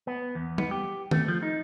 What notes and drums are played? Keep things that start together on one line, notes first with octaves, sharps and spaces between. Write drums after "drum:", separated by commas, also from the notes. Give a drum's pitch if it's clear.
B3
E2
B3, drum: tom
G4
A3, drum: tom D#3
F3
D#4